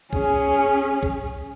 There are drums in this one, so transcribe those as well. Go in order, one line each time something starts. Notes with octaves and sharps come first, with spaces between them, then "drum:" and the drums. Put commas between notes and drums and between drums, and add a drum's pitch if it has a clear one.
C#4 G#4, drum: kick B1
drum: kick B1